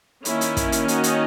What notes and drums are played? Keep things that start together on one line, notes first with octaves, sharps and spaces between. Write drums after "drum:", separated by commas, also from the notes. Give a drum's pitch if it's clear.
D#3 A#3 C#4 E4, drum: hi-hat
drum: hi-hat
drum: kick, hi-hat
drum: hi-hat
D#4 F#4, drum: hi-hat
drum: hi-hat